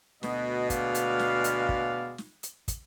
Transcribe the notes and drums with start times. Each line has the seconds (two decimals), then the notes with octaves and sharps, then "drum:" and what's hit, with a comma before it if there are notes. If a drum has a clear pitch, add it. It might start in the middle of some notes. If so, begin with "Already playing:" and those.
0.23 D2 B2 D#5, drum: snare
0.70 G#3 D5 F5, drum: kick, hi-hat
0.95 drum: hi-hat
1.19 drum: snare
1.44 drum: hi-hat
1.69 drum: kick
2.18 drum: snare
2.43 drum: hi-hat
2.68 drum: kick, hi-hat